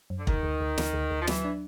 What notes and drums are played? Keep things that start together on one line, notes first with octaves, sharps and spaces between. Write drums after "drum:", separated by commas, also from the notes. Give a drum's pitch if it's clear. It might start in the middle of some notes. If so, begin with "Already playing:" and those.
F#2
D3
D2 D#3, drum: kick
D2
D2
D2, drum: snare
D2
D2
F3
E3 F#3, drum: snare
D4